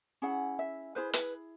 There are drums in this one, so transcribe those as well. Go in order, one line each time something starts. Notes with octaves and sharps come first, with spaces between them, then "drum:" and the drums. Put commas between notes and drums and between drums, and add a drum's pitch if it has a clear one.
C#4 E4 G#4 F#5
E5
E4 G#4 B4 C5
B4, drum: hi-hat